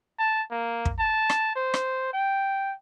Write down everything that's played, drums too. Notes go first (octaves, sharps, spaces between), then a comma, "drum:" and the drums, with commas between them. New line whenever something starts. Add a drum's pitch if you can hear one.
A5
A#3
drum: kick
A5
drum: rim click
C5
drum: rim click
G5